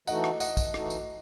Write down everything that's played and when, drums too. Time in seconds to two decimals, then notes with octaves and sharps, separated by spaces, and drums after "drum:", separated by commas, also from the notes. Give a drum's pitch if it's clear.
0.07 E3 A3 D#4 F#4 A4 D#5 F#5, drum: tambourine
0.24 drum: rim click
0.40 D#5 F#5, drum: tambourine
0.57 drum: kick, tambourine
0.74 E3 A3 D#4 F#4 A4, drum: rim click
0.90 drum: tambourine